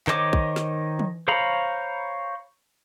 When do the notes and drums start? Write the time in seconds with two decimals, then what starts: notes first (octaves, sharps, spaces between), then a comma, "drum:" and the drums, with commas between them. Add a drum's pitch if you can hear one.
0.07 D#3 C5 C#5 D#5 D6, drum: clap
0.33 drum: kick
0.56 drum: snare
0.99 drum: tom
1.28 C5 C#5 F5 A#5 B5